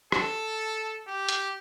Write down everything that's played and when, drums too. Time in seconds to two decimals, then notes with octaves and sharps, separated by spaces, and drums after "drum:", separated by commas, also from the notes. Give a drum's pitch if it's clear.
0.12 A4, drum: rim click
1.07 G4
1.29 drum: hi-hat